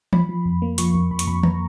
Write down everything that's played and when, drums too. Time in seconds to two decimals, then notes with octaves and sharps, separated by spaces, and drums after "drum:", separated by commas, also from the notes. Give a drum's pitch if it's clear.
0.13 F3 B5, drum: tom E3
0.29 F3
0.45 F2
0.62 A#3
0.78 F3 C#6, drum: hi-hat
0.95 F2
1.11 F2 B5
1.19 C#6, drum: hi-hat
1.27 F2 B5
1.43 A#5, drum: tom D#3